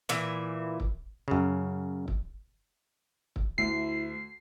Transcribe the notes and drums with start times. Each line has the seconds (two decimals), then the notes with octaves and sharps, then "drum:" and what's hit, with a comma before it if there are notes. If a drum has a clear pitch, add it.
0.09 A#2 E3 E5
0.80 drum: kick
1.28 F#2 C#3
2.08 drum: kick
3.36 drum: kick
3.58 D2 E4 C7